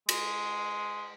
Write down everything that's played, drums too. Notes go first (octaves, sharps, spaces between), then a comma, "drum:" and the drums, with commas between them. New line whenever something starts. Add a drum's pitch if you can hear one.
G#3, drum: cymbal